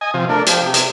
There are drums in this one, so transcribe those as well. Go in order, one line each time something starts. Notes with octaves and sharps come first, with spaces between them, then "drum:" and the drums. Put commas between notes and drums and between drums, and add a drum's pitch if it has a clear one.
D#5 G#5
C3 F3
A3 D4 A#4
F3 G4, drum: hi-hat
C3
drum: hi-hat